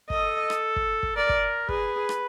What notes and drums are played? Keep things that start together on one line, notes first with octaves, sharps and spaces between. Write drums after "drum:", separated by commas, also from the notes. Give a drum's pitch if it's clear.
A4 D#5, drum: kick
drum: rim click
drum: kick
drum: kick
A#4 D5
drum: kick
G#4 B4, drum: kick
drum: rim click